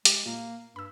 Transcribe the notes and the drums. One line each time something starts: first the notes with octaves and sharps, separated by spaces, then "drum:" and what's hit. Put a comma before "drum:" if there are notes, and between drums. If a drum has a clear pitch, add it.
G#3 G4, drum: hi-hat
A#2 A#3
G2 B5 E6